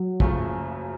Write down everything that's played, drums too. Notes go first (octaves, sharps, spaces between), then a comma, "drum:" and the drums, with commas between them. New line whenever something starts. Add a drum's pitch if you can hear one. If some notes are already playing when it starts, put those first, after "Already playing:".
Already playing: F#3
F#1 F#2 C#3 F3 A3, drum: kick